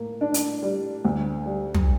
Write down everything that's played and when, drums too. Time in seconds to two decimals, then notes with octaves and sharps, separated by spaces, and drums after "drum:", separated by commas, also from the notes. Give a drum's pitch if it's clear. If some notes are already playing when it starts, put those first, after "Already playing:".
Already playing: A2 A#3
0.21 D4
0.34 drum: hi-hat
0.63 G3
1.05 D2
1.46 G3
1.74 drum: tom